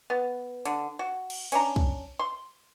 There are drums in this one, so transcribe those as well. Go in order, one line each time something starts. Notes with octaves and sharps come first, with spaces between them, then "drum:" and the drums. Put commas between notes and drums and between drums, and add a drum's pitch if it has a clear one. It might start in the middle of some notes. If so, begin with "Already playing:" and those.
B3
D3, drum: hi-hat
F#4
drum: cymbal
C#4 D4 A#5, drum: hi-hat
drum: kick
C6